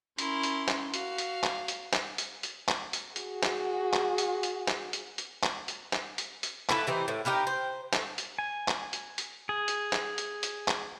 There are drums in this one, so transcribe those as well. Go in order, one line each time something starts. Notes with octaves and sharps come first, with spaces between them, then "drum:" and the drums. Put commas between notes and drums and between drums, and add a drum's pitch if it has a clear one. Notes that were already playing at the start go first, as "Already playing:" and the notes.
C#4 E4 A#4 C6, drum: hi-hat
drum: hi-hat
drum: clap
F#4 F5, drum: hi-hat
drum: hi-hat
drum: clap
drum: hi-hat
drum: clap
drum: hi-hat
drum: hi-hat
drum: clap
drum: hi-hat
F#4 G#4, drum: hi-hat
drum: clap
drum: clap
drum: hi-hat
drum: hi-hat
drum: clap
drum: hi-hat
drum: hi-hat
drum: clap
drum: hi-hat
drum: clap
drum: hi-hat
drum: hi-hat
E4 A4 B4, drum: clap
C3 E3 D#4 C5
A2
D#4 G4 A#4 B4
C5
A3, drum: clap
drum: hi-hat
G#5
drum: clap
drum: hi-hat
drum: hi-hat
G#4
drum: hi-hat
drum: clap
drum: hi-hat
drum: hi-hat
drum: clap